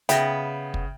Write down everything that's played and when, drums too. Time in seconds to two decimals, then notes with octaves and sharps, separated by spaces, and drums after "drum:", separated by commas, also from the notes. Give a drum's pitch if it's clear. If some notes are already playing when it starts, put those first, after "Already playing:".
0.09 C#3 B3 E5 G5 A#6, drum: hi-hat
0.74 drum: kick